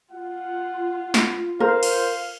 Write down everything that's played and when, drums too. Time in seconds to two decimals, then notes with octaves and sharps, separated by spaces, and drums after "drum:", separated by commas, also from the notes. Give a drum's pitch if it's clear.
0.11 F4 F#5
1.14 drum: snare
1.60 A#4 C5 F5
1.83 drum: cymbal